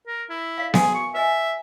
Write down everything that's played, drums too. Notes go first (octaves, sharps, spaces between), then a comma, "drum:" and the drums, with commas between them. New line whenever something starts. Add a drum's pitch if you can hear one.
A#4
E4
D5 E5 F5
F#4 G#4 G#5, drum: snare B3
C#6
B4 D#5 E5 G#5